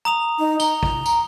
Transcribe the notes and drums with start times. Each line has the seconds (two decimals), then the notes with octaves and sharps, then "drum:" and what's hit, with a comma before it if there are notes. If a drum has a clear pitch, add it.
0.05 A#5 D#6 F7
0.39 D#4
0.60 A#5 G7, drum: tambourine
0.83 drum: kick
1.06 drum: tambourine